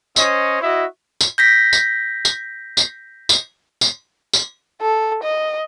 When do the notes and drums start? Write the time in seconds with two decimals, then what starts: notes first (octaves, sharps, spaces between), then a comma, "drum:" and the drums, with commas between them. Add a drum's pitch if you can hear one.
0.16 C#4 C5 C#5 D#5, drum: tambourine
0.61 E4 F#4 D#5 E5
1.21 drum: tambourine
1.38 G6 A#6 B6
1.73 drum: tambourine
2.25 drum: tambourine
2.77 drum: tambourine
3.29 drum: tambourine
3.81 drum: tambourine
4.33 drum: tambourine
4.80 A4
5.23 D#5